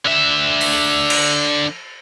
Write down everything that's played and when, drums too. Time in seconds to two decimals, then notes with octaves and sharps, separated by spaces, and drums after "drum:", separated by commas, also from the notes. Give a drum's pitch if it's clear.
0.05 D3 E5
0.61 drum: open hi-hat
1.10 drum: cymbal